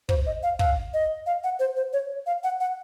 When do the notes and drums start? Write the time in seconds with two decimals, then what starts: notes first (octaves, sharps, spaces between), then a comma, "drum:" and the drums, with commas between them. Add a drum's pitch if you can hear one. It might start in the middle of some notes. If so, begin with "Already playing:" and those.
0.09 C5, drum: kick
0.26 D#5
0.43 F5
0.59 F5, drum: kick
0.94 D#5
1.26 F5
1.44 F#5
1.60 C5
1.77 C5
1.93 C#5
2.26 F5
2.44 F#5
2.60 F#5